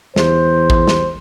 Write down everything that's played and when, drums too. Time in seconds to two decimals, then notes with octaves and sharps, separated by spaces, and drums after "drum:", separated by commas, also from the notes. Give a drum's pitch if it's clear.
0.16 E2 C5, drum: snare
0.70 drum: kick
0.88 drum: snare